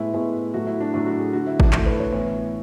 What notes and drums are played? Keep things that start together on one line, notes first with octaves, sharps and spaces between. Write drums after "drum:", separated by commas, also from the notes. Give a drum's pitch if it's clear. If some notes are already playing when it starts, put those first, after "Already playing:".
Already playing: A2 G#3 B3 E4 B4
A2 G#3 B3
A2 F#3 A3 F#4
E4
D4
A2 F#3 A3 D4
F#4
G#4
D3 A3 F#4
E4
D4, drum: kick G#1
D3 A3 E4, drum: clap
B4
C#5
A2 E3 B3